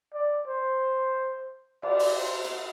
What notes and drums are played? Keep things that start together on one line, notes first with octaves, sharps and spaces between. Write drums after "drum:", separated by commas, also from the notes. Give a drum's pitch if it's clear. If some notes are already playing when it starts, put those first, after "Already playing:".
D5
C5
D5, drum: cymbal
drum: open hi-hat
C5
drum: hi-hat